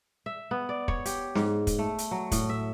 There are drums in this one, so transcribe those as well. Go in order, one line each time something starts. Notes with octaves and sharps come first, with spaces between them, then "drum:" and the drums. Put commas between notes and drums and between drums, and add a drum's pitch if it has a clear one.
E5
B3
D5
C#5, drum: kick
G4, drum: hi-hat
G#2, drum: snare
drum: kick, hi-hat
A3
drum: hi-hat
F#3
A2, drum: kick, hi-hat
E5